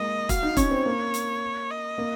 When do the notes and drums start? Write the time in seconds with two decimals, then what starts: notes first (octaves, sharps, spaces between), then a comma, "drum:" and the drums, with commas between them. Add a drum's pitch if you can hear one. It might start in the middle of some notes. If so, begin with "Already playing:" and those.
Already playing: G#3 A#3 D#5
0.29 F#4 F5, drum: kick, hi-hat
0.43 D#4
0.57 C#4 C#5, drum: kick, hi-hat
0.71 C4
0.86 A#3
1.14 drum: hi-hat
1.71 D#5
1.98 A#3